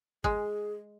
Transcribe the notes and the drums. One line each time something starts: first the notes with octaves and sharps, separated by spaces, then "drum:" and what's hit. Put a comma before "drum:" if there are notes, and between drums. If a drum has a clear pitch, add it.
G#3 G#4, drum: kick